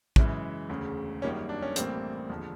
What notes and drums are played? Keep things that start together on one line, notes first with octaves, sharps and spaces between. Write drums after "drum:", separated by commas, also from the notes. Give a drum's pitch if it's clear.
F#2 C#3 E3 G#3, drum: kick
E1 D2 C#3
G#1 F#2 D#3 G3 A#3 C#4
D4
C#4
A1 A2 E3 G3 A#3 C4, drum: hi-hat
E1 D#2 D3 F3